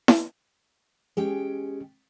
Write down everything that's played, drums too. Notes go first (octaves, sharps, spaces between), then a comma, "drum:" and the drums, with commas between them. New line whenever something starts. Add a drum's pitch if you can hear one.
drum: snare E4
G#3 C#4 G4 G#4 G5